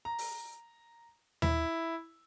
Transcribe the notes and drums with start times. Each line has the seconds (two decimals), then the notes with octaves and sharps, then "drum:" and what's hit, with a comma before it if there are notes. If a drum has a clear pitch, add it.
0.05 A#5
0.18 drum: open hi-hat
1.42 E4, drum: tom D#2